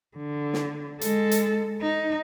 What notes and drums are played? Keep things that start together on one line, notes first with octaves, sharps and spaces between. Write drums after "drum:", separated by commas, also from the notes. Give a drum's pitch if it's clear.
D3
drum: snare
G#3 A4, drum: hi-hat
drum: hi-hat
D#4